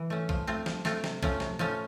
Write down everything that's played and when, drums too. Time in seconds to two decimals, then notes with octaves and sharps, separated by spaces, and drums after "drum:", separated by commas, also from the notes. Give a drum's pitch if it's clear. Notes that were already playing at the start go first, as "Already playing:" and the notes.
Already playing: E3
0.10 A3 C#4
0.29 F3, drum: kick B1
0.47 A3 C4 F4
0.66 F3, drum: snare
0.85 A3 C4 F4, drum: snare
1.04 C3, drum: snare
1.23 F3 A3 C#4, drum: kick B1
1.40 C3, drum: snare
1.59 F3 A3 C#4